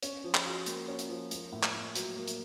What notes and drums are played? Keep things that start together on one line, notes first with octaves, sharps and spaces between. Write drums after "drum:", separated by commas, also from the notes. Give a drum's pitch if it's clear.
C#4, drum: hi-hat
F3
drum: clap
F#4
A#3, drum: hi-hat
C#4
drum: hi-hat
F3
A#3, drum: hi-hat
A2
drum: clap
A2
F#3, drum: hi-hat
A#3
drum: hi-hat